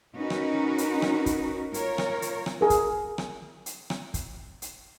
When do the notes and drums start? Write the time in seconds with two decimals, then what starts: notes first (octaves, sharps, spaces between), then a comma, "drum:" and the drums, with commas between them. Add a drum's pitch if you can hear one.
0.15 C#4 D#4 F#4 A#4 B4
0.30 drum: rim click
0.78 drum: hi-hat
1.02 drum: rim click
1.26 drum: kick, hi-hat
1.74 F4 A#4 C#5, drum: hi-hat
1.98 drum: rim click
2.22 drum: hi-hat
2.46 drum: rim click
2.61 G#4 A#4
2.70 drum: kick, hi-hat
3.18 drum: rim click
3.66 drum: hi-hat
3.90 drum: rim click
4.14 drum: kick, hi-hat
4.62 drum: hi-hat